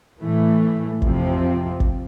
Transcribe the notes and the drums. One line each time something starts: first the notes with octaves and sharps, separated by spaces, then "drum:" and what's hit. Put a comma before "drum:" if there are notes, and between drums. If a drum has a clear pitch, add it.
A2 E3 A3
F2 C3 F3 C4, drum: kick
drum: kick